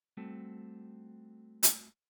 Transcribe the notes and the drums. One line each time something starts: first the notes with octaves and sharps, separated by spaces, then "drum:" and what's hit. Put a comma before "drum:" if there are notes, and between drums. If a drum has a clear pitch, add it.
G3 A3 C4 F#4 A4
drum: hi-hat